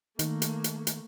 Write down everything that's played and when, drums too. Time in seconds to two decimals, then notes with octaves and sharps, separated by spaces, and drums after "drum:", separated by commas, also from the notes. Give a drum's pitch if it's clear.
0.19 D#3 A3 A#3, drum: hi-hat
0.42 drum: hi-hat
0.64 drum: hi-hat
0.87 drum: hi-hat